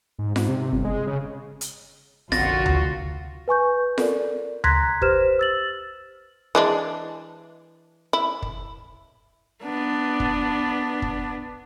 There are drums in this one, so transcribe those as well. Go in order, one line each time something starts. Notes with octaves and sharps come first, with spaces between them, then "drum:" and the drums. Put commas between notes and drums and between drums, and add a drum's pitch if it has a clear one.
G#2
G#2, drum: snare F4
C3
G1
G#3
C#3
drum: hi-hat
F1 A#1 D3 F4 F#4 A6 A#6, drum: snare F4
drum: tom D2
B4 G#5 C#6 G6
A4 A#4 D5, drum: snare F4
A#5 C6 F#6 G#6 A#6 B6, drum: tom D2
G4 B4 C5 F6 E7, drum: kick
E6 A6 F#7
E3 G#3 D4
E4
drum: kick
B3 D4
drum: kick
drum: kick